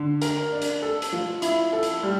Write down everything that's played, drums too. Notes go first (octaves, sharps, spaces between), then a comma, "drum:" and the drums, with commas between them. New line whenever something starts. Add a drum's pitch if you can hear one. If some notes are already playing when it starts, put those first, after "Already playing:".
Already playing: D3
A#4, drum: hi-hat
D4
drum: hi-hat
A4
drum: hi-hat
F3
E4, drum: hi-hat
A4
drum: hi-hat
G3